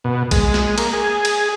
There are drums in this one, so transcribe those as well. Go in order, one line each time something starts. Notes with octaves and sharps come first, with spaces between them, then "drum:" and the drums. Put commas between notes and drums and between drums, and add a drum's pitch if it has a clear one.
B2
G#3, drum: kick A#1, cymbal
drum: snare
A#3, drum: cymbal
G#4
drum: cymbal